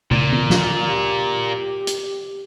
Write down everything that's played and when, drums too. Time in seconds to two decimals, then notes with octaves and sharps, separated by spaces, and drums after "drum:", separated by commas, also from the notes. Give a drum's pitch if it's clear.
0.11 A#2, drum: tom
0.32 drum: tom
0.50 drum: snare
0.87 G4
1.87 drum: hi-hat